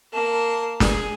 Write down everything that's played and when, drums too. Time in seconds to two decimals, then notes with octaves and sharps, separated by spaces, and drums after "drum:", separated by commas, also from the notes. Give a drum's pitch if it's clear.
0.13 A#3 A5
0.80 G#4, drum: snare